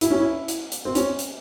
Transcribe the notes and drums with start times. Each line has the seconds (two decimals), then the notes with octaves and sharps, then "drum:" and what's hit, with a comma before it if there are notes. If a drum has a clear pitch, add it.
0.01 E4, drum: hi-hat
0.10 C#4
0.20 E4
0.48 drum: hi-hat
0.72 drum: hi-hat
0.85 C4
0.95 C#4, drum: hi-hat
1.19 drum: hi-hat